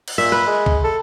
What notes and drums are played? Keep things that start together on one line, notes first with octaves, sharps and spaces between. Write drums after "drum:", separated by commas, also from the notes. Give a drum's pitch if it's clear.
drum: cymbal
A#2 E5
B4
G#3
drum: kick
A4